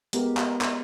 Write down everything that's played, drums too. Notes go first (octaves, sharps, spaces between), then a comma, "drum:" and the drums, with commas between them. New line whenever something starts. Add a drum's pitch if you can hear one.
G#3 B3 G4 A#4, drum: hi-hat
drum: clap
drum: clap